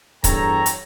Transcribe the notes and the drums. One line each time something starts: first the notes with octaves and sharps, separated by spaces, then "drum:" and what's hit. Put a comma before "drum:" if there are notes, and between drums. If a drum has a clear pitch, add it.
E2 G2 A4 C#5 G5 A#5, drum: kick C#1, hi-hat
drum: hi-hat